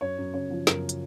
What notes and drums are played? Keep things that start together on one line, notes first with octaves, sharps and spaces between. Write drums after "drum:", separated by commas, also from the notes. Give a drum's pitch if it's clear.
F#2 C#5
F#2
C#3 C#5
F3
F#2 A#4, drum: snare
drum: hi-hat